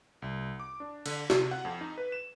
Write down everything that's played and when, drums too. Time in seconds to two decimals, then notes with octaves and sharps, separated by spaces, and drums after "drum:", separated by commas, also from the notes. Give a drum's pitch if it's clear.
0.22 C2
0.60 D6
0.80 D4
1.06 D3, drum: cymbal
1.30 C3, drum: snare
1.51 F#5
1.65 F2
1.81 D#4
1.98 B4
2.12 E7